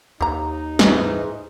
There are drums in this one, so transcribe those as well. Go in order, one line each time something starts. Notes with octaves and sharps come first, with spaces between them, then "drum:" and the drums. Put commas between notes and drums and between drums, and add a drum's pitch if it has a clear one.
D#2 D#4 G4 A#5
G#2 E3, drum: snare